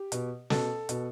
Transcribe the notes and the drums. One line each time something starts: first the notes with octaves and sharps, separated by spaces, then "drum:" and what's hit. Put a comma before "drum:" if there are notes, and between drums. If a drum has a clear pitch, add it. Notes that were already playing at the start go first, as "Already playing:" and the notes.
Already playing: G4
B2, drum: hi-hat
B2 A4, drum: snare
B2, drum: hi-hat